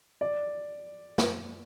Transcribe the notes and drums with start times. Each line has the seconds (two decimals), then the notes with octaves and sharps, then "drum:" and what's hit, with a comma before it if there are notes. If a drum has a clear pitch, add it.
0.21 D5
1.18 drum: snare